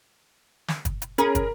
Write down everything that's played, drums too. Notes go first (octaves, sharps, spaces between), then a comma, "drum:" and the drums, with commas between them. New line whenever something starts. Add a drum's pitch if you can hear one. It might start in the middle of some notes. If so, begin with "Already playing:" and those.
drum: snare
drum: kick, hi-hat
drum: hi-hat
C#4 G#4 A#4 A#5 B5, drum: hi-hat
drum: kick, hi-hat